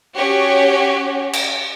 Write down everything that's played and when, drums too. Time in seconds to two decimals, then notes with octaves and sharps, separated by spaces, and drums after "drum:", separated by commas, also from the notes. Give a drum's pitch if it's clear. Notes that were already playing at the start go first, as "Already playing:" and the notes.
0.17 C#4 F#4 G4 C#5
1.33 drum: cymbal